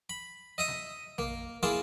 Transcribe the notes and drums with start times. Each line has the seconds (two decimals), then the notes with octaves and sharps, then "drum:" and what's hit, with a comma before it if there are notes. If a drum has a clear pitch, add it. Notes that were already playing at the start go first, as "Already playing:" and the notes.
0.10 B5
0.58 D#5 E5 D#6
0.68 drum: snare
1.18 A#3, drum: tom A#1
1.63 A#3 E4 F4 G#4 A5